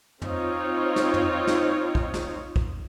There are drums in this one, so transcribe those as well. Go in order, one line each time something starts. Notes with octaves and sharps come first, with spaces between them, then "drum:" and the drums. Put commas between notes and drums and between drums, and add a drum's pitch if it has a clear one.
C4 D#4 F4 C#5, drum: tom
drum: snare
drum: tom
drum: snare
drum: kick
drum: snare
drum: kick